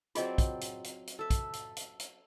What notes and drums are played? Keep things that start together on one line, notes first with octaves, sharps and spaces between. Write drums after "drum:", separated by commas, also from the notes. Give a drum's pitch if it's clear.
F#3 C4 F4 G#4 D5 D#5, drum: hi-hat
drum: kick, hi-hat
drum: hi-hat
drum: hi-hat
drum: hi-hat
A4 E5
drum: kick, hi-hat
drum: hi-hat
drum: hi-hat
drum: hi-hat